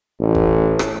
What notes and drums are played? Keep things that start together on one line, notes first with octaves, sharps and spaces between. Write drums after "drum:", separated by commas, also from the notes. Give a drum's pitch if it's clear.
A1
drum: kick F1
drum: rim click